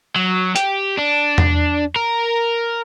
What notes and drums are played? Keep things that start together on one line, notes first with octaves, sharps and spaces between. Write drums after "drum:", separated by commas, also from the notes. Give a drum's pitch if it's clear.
F#3
G4, drum: hi-hat
D4
drum: tom E2
A#4